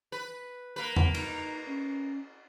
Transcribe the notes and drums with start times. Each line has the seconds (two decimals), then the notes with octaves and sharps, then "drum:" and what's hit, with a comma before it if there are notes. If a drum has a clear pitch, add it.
0.12 B4
0.76 A#3 B4
0.96 drum: tom E2
1.14 D#4 A#5, drum: cymbal
1.67 C#4